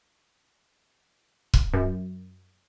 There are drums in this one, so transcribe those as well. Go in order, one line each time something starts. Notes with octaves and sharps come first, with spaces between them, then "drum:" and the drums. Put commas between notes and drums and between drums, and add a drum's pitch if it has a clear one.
drum: kick
F#2